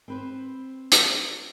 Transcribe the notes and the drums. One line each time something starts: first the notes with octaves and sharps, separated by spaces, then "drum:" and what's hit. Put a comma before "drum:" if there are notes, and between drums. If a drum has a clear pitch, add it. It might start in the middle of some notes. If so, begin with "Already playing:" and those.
C4 B4 C5
drum: hi-hat